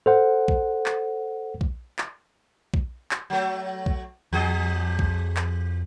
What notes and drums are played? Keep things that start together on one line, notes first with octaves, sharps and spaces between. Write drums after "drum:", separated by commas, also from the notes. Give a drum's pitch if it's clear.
A4 C5 F#5
drum: kick B1
drum: clap
drum: kick B1
drum: clap
drum: kick B1
drum: clap
F#3 A3
drum: kick B1
F2 F3 G#4 D#5
drum: kick B1
drum: clap